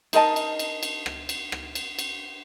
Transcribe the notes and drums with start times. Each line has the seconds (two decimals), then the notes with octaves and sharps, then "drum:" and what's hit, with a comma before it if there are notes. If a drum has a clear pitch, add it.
0.13 D#4 A#4 D#5 A5, drum: cymbal
0.36 drum: cymbal
0.59 drum: cymbal
0.83 drum: cymbal
1.06 drum: rim click
1.29 drum: cymbal
1.52 drum: rim click
1.75 drum: cymbal
1.99 drum: cymbal